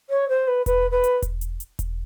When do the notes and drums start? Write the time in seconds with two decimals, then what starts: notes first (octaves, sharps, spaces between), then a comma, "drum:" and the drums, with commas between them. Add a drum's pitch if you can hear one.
0.10 C#5
0.28 C5
0.47 B4
0.66 B4, drum: kick E1, hi-hat
0.91 B4
1.04 drum: hi-hat
1.22 drum: kick E1, hi-hat
1.41 drum: hi-hat
1.60 drum: hi-hat
1.79 drum: kick E1, hi-hat